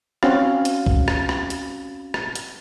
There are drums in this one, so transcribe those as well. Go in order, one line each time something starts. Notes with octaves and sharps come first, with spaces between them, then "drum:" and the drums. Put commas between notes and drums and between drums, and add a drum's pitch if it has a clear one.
C4 C#4 F#4 F5, drum: rim click
drum: hi-hat
drum: kick C2
drum: rim click
drum: rim click
drum: hi-hat
drum: rim click
drum: hi-hat